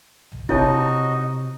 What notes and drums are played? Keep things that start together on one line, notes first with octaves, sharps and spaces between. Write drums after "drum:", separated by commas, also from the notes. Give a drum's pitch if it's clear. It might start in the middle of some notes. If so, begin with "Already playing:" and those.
drum: tom
C3 D#4 E4 F#4 C#5 D#5 A5, drum: kick